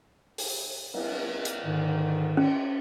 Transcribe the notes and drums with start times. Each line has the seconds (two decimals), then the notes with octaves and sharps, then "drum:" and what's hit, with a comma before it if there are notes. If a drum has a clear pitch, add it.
0.38 drum: open hi-hat
0.94 drum: cymbal
1.45 drum: hi-hat
1.65 G#2 D3 D#3
2.37 C#4, drum: cymbal